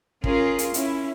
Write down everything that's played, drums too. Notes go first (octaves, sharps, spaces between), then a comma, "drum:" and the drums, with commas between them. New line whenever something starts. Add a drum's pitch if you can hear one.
C#4 F4 G#4 A#4, drum: kick
drum: hi-hat
C#4 E4, drum: hi-hat